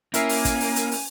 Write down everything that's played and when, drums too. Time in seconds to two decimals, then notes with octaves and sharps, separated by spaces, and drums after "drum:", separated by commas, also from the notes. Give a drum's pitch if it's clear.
0.14 A#3 C#4 E4 A#4 E5 G#5, drum: hi-hat
0.29 drum: open hi-hat
0.45 drum: kick, hi-hat
0.60 drum: open hi-hat
0.76 drum: hi-hat
0.91 drum: open hi-hat